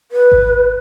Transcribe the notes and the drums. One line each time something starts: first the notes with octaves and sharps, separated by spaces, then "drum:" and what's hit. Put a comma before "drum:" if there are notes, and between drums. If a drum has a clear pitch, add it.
B4
drum: kick G#1